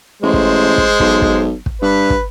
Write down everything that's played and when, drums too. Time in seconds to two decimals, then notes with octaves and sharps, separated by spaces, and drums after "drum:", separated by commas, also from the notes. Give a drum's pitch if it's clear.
0.23 A1 G#3 C5
0.34 drum: kick
0.78 drum: kick
1.00 B1, drum: kick
1.22 drum: kick
1.66 drum: kick
1.82 G2 B4
2.10 drum: kick